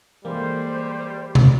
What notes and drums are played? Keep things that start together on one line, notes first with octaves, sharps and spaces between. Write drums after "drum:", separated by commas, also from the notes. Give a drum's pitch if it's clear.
E3 G3 G#3 A#3 A4 C5
drum: tom C3